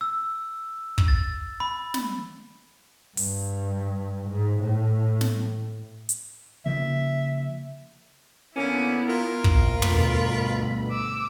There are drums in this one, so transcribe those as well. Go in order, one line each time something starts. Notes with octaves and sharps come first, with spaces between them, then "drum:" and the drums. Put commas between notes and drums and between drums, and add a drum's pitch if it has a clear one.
E6
drum: kick
A6
B5
drum: snare
G2, drum: open hi-hat
G#2
A2
drum: snare
drum: hi-hat
C#3 F3 A#3 E5
D3 A#3 B3 C#4 E4
F4 A#4
A#1, drum: kick
D2 G2 B2 B5, drum: tom
D6 E6